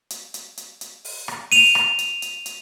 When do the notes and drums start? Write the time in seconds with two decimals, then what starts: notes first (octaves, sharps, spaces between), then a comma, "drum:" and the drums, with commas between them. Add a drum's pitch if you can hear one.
0.10 drum: hi-hat
0.34 drum: hi-hat
0.57 drum: hi-hat
0.81 drum: hi-hat
1.05 drum: open hi-hat
1.28 drum: rim click
1.52 D#7 F7, drum: open hi-hat
1.75 drum: rim click
1.99 drum: hi-hat
2.22 drum: hi-hat
2.46 drum: hi-hat